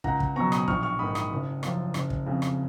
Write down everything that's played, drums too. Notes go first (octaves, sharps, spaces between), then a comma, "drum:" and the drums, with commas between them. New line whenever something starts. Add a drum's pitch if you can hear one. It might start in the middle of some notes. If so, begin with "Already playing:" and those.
C#2 F#5 A#5, drum: kick
drum: kick
B2 F#3 A#5 C#6
B5 D#6, drum: rim click
A#1 C#6 F6, drum: kick
C#6 F6
G#2 D#3 B5 D#6
B5 D#6, drum: rim click
F#1
F#2 F3, drum: rim click
F#1, drum: rim click
drum: kick
F2 C#3
drum: rim click